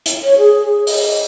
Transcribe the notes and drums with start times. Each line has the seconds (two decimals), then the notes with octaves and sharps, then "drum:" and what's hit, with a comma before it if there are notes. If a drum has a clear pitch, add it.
0.06 drum: hi-hat
0.24 C#5
0.38 G#4
0.87 D#5, drum: open hi-hat